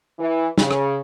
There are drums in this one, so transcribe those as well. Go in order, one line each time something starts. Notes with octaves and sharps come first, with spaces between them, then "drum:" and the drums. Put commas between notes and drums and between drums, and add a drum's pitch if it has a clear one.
E3
C#3, drum: snare
drum: rim click